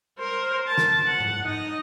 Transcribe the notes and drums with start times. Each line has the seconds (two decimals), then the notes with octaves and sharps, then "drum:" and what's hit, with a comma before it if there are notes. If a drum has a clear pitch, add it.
0.18 A#4 C5
0.67 A5
0.78 drum: snare
1.07 F#5
1.20 drum: tom G#2
1.42 D#4 D#5